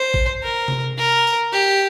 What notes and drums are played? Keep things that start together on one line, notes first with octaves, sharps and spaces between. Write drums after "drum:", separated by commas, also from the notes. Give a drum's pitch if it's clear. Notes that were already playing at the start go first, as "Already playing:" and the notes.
Already playing: C5
drum: kick G#1
A#4
drum: tom C3
A#4
drum: tambourine
G4